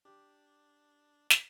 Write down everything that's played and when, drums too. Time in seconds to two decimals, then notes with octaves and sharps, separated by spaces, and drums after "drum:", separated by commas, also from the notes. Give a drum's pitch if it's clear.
0.05 D4 G4
1.30 drum: snare